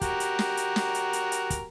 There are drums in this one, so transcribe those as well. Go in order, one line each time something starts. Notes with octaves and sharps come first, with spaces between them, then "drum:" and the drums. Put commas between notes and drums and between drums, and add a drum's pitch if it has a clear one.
F#4 G4 A#4, drum: kick, hi-hat
drum: hi-hat
drum: snare
drum: hi-hat
drum: snare
drum: hi-hat
drum: hi-hat
drum: hi-hat
drum: kick, hi-hat